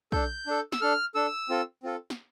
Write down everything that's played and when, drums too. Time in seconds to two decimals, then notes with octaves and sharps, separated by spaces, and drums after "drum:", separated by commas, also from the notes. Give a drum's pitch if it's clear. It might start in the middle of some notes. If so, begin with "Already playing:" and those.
0.12 D4 A4 G6, drum: kick
0.47 D4 A4
0.72 E6, drum: snare
0.81 D4 A4 F6
1.15 D4 A4 E6
1.49 C4 F4 A4
1.83 C4 F4 A4
2.10 drum: snare